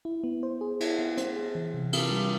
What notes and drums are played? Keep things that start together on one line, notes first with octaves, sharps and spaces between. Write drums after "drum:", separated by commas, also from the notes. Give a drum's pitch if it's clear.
E4
B3
C5
G#4
E4, drum: cymbal
B3
C5, drum: hi-hat
G#4
E3
C3
C4, drum: cymbal
G3